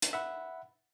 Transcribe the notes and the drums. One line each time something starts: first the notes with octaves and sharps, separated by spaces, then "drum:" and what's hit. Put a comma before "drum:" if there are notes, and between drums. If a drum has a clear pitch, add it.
drum: hi-hat
E5 F#5 B5